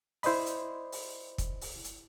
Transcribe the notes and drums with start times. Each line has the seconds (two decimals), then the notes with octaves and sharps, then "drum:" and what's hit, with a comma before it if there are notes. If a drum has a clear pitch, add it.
0.23 E4 C5 D5 D#5 B5, drum: open hi-hat
0.46 drum: hi-hat
0.92 drum: open hi-hat
1.38 drum: kick, hi-hat
1.61 drum: open hi-hat
1.84 drum: hi-hat